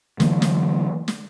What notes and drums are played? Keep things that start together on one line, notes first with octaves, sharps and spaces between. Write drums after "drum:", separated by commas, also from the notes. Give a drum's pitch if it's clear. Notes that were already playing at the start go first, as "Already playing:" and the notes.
D3 E3 F#3 A#3, drum: snare
drum: snare
drum: snare